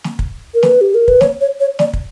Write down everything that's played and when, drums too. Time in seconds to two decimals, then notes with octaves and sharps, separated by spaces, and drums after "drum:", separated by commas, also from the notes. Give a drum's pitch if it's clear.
0.04 drum: snare
0.19 drum: kick
0.54 A#4
0.63 B4, drum: snare
0.81 G4
0.95 A#4
1.08 B4, drum: kick
1.21 C#5, drum: snare
1.41 C#5
1.60 C#5
1.79 D5, drum: snare
1.93 drum: kick